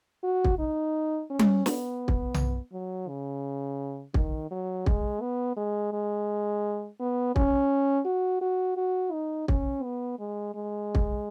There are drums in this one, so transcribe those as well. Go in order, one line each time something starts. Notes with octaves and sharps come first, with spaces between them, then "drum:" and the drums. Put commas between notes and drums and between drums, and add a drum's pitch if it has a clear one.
F#4
drum: kick
D#4
C#4
drum: tom G3
B3, drum: snare
drum: kick
drum: tom B1
F#3
C#3
D#3, drum: kick
F#3
G#3, drum: kick
B3
G#3
G#3
B3
C#4, drum: kick
F#4
F#4
F#4
D#4
C#4, drum: kick
B3
G#3
G#3
drum: kick